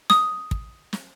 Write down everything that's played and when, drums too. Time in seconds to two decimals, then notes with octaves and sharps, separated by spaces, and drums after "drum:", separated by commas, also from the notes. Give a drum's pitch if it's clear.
0.10 D#6, drum: snare
0.51 drum: kick
0.93 drum: snare